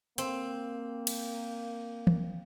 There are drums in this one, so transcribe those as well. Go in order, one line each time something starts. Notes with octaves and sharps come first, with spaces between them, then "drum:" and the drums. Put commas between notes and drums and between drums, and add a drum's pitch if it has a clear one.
A#3 C4, drum: hi-hat
drum: cymbal
drum: tom